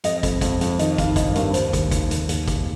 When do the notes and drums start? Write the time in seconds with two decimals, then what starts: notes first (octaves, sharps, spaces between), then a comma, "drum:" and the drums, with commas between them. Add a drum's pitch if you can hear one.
0.04 F2 D#5, drum: hi-hat
0.23 F2, drum: kick, hi-hat
0.41 F2, drum: kick, hi-hat
0.61 F2, drum: hi-hat
0.79 D#3 D#5, drum: hi-hat
0.98 D#3 F5, drum: kick, hi-hat
1.16 G2 D#5, drum: kick, hi-hat
1.35 G2 A#4, drum: hi-hat
1.54 D#2 C5, drum: hi-hat
1.73 D#2, drum: kick, hi-hat
1.91 D#3, drum: kick, hi-hat
2.11 D#2, drum: hi-hat
2.29 D#2, drum: hi-hat
2.48 D#3, drum: kick, hi-hat